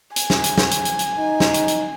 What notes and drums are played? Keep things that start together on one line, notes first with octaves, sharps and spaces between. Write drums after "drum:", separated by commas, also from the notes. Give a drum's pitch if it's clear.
G#5, drum: hi-hat
drum: snare
drum: hi-hat
drum: snare
drum: hi-hat
drum: hi-hat
drum: hi-hat
D#4
drum: snare
drum: hi-hat
drum: hi-hat